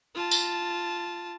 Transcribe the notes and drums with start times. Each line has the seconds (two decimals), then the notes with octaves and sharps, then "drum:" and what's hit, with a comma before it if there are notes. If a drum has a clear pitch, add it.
0.15 F4 A5
0.31 drum: tambourine